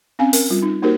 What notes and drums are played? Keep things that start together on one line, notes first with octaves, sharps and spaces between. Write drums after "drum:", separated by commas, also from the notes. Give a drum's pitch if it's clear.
C4 C#4 F5 G#5
A#4, drum: open hi-hat
G3 F4
D#4
A#3 D#4 F#4 G4 A#4 C5